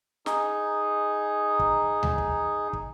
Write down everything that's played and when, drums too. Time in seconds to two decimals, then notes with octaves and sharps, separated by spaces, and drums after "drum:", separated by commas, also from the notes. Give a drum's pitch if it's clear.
0.26 D#4 G#4, drum: snare
1.59 drum: kick
2.03 drum: tom D2
2.18 drum: kick
2.73 drum: kick